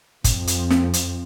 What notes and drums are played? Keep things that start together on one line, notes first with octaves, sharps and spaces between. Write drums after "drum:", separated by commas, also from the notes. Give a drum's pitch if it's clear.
F2 F3 C4, drum: kick, hi-hat
drum: hi-hat
drum: snare
drum: hi-hat